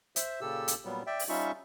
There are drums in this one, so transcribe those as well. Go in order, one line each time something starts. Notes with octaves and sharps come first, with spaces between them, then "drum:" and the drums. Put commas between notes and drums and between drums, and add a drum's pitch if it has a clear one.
C5 E5, drum: hi-hat
A#2 C#3 G4 A4 E6
drum: hi-hat
A#2 F#3 G3 B3
D5 E5 G5
drum: open hi-hat
G3 C#4 D#4 F4 E5 C#6